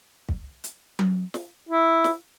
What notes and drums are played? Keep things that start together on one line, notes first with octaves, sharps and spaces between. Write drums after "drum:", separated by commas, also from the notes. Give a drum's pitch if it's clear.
drum: kick
drum: hi-hat
drum: tom F#3
drum: snare
E4
drum: snare